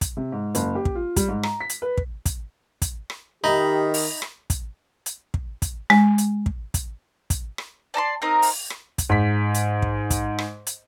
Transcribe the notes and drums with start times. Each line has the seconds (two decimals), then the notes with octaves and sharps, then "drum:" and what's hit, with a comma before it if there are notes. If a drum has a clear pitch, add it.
0.01 drum: kick, hi-hat
0.17 C3
0.32 G#2
0.55 F#1, drum: hi-hat
0.75 G4
0.85 drum: kick
0.95 F4
1.16 G3, drum: kick, hi-hat
1.28 G#2
1.43 A#5, drum: rim click
1.60 B6
1.69 drum: hi-hat
1.82 B4
1.98 drum: kick
2.26 drum: kick, hi-hat
2.82 drum: kick, hi-hat
3.10 drum: rim click
3.44 D#3 D#4 G4 E5 A#5 B5
3.94 drum: open hi-hat
4.22 drum: rim click
4.50 drum: kick, hi-hat
5.06 drum: hi-hat
5.34 drum: kick
5.62 drum: kick, hi-hat
5.90 G#3, drum: rim click
6.18 drum: hi-hat
6.46 drum: kick
6.74 drum: kick, hi-hat
7.30 drum: kick, hi-hat
7.58 drum: rim click
7.94 D5 A5 A#5 C6
8.22 C4 D#4 A#4 D#6
8.42 drum: open hi-hat
8.70 drum: rim click
8.98 drum: kick, hi-hat
9.09 G#2 B6
9.54 drum: hi-hat
9.82 drum: kick
10.10 drum: kick, hi-hat
10.38 drum: rim click
10.67 drum: hi-hat